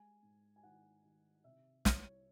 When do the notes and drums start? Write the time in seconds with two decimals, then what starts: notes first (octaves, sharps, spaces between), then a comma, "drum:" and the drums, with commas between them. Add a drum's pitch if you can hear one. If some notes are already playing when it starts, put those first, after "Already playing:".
Already playing: G#3 G#5
0.23 G#2
0.56 G#5
0.63 D#3 F#5
1.04 D#3
1.44 C3 E5
1.85 C2 C#5, drum: snare